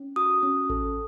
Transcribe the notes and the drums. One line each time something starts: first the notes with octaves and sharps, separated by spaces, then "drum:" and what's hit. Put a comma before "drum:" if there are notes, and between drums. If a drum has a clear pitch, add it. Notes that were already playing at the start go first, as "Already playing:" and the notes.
Already playing: C#4
F#4 D#6
C#4
A4, drum: kick A1